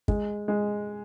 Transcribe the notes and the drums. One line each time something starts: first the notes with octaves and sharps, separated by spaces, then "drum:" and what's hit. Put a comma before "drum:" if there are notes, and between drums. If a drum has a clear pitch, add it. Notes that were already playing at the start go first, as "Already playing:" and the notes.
G#3, drum: kick
G#3